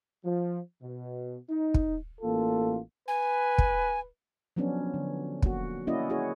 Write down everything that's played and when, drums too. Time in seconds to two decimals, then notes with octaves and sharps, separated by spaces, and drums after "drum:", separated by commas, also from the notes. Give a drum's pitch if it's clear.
0.25 F3
0.82 B2
1.50 D#4
1.74 drum: kick
2.22 A1 A#3 F4 A4
3.08 B4 G#5
3.58 drum: kick
4.56 F3 F#3 B3 C#4 D4
4.94 D3
5.42 A#3 F#4, drum: kick
5.87 A#3 C#4 E4 F#4 D5 D#5
6.10 E4 F#4 G#4 C#5